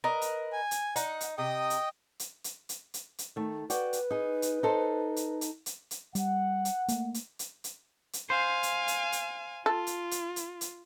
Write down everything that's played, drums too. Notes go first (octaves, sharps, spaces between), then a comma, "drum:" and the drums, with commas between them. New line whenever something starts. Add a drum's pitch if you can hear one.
A#4 B4 D#5
drum: hi-hat
G#5
drum: hi-hat
D#4 F#5, drum: hi-hat
drum: hi-hat
C3 D#5 G5 D#6
drum: hi-hat
drum: hi-hat
drum: hi-hat
drum: hi-hat
drum: hi-hat
drum: hi-hat
D#3 A3
F#4 B4 D5 G5, drum: hi-hat
drum: hi-hat
D#4 G#4
drum: hi-hat
D#4 A4 C5
drum: hi-hat
drum: hi-hat
drum: hi-hat
drum: hi-hat
G3 F#5, drum: hi-hat
drum: hi-hat
A3 A#3, drum: hi-hat
drum: hi-hat
drum: hi-hat
drum: hi-hat
drum: hi-hat
C5 F5 G#5
drum: hi-hat
drum: hi-hat
drum: hi-hat
F4 A4
drum: hi-hat
drum: hi-hat
drum: hi-hat
drum: hi-hat